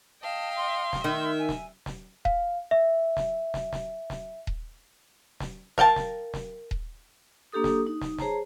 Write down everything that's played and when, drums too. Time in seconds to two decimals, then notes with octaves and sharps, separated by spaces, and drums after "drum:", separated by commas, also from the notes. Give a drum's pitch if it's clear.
0.23 D#5 F5 G5 A5
0.56 C6
0.93 drum: snare
1.04 D#3 E5
1.39 G#5
1.49 drum: snare
1.86 drum: snare
2.25 F5, drum: kick D#1
2.71 E5
3.17 drum: snare
3.54 drum: snare
3.73 drum: snare
4.10 drum: snare
4.47 drum: kick D#1
5.40 drum: snare
5.78 A#4 F5 G5 A5, drum: snare
5.96 drum: snare
6.34 drum: snare
6.71 drum: kick D#1
7.52 A#3 D4 G4 A4 D#6
7.64 drum: snare
7.87 D#4
8.01 drum: snare
8.18 G#4 C5 C#5 A5 A#5, drum: snare